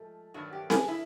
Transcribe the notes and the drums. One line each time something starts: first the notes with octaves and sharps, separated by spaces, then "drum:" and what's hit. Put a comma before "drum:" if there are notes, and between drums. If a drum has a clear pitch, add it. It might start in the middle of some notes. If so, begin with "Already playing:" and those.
Already playing: G#2 F3 A3
G2 D#3 F#3 A3 F#4
G4
G#4, drum: snare C4
E4